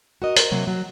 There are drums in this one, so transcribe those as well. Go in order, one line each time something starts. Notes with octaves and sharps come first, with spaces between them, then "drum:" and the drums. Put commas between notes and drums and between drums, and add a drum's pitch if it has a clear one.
F#4 A#4 D#5
A#4 C5, drum: hi-hat
C3 F#3 A#3
F#3